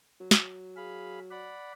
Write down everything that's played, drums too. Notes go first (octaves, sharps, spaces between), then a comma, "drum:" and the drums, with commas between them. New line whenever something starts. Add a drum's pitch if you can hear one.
F#3
drum: snare
G#4 F5 B5
D5 F#5 B5